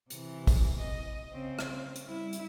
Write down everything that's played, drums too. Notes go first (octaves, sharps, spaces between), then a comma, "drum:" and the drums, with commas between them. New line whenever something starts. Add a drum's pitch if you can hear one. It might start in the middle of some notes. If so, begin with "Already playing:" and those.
C3 E3, drum: hi-hat
drum: kick, open hi-hat
D#5
C#3 C4
drum: rim click
drum: hi-hat
G3 E4
drum: hi-hat